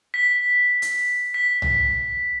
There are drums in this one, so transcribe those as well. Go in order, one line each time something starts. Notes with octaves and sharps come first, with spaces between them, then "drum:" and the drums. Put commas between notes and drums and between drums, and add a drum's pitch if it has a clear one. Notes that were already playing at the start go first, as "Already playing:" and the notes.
B6
drum: hi-hat
B6
drum: tom C2